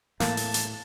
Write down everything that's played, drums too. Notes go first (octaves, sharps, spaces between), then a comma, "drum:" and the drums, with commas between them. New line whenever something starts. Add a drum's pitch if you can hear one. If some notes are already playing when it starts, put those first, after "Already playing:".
A2 A#3 A5, drum: snare
drum: open hi-hat
drum: hi-hat